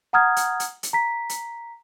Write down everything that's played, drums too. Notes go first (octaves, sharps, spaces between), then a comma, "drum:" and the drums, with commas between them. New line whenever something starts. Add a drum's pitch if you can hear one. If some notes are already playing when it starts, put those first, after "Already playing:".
F#5 A#5 D#6 F6 G#6
drum: hi-hat
drum: hi-hat
drum: hi-hat
A#5 B6
drum: hi-hat